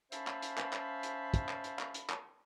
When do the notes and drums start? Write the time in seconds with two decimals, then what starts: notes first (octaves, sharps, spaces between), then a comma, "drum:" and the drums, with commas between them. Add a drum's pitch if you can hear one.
0.12 C#4 C5 E5 F5 A5 B5, drum: hi-hat
0.27 drum: clap
0.42 drum: hi-hat
0.58 drum: clap
0.73 drum: clap
1.03 drum: hi-hat
1.34 drum: kick, hi-hat
1.49 drum: clap
1.64 drum: hi-hat
1.79 drum: clap
1.94 drum: hi-hat
2.10 drum: clap